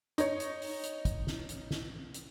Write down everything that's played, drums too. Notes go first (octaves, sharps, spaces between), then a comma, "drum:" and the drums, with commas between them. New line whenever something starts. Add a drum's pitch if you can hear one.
D#4 C#5, drum: hi-hat
drum: hi-hat
drum: open hi-hat
drum: hi-hat
drum: kick, hi-hat
drum: snare
drum: hi-hat
drum: snare
drum: hi-hat